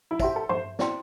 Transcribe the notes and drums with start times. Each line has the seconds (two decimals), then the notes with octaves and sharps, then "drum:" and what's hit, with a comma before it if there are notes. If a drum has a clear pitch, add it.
0.11 E4
0.20 G4 C5 E5 A5 C6, drum: kick, tambourine
0.36 A4
0.49 C5, drum: tom
0.79 E4 C5 D5 G5 C6, drum: snare